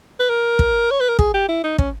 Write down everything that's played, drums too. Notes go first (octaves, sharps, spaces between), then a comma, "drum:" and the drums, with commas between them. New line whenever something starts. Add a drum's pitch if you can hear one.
B4
A#4
drum: kick
C#5
B4
A#4
G#4, drum: kick
G4
E4
D#4
C#4, drum: kick